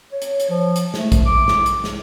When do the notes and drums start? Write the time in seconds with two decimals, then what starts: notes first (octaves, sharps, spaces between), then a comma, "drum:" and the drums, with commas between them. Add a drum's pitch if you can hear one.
0.12 C#5
0.22 drum: hi-hat
0.40 drum: hi-hat
0.49 F3
0.76 drum: hi-hat
0.94 A3, drum: snare
1.12 drum: kick A#1, hi-hat
1.26 D6
1.48 drum: snare
1.66 drum: hi-hat
1.84 drum: snare